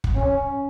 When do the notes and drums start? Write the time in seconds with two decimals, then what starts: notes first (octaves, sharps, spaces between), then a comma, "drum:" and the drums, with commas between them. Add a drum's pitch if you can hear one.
0.04 drum: kick
0.15 C#4